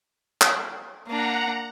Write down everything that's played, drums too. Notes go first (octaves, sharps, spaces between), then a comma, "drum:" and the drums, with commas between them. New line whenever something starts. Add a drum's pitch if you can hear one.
drum: clap
A#3 D4 F#5 A#5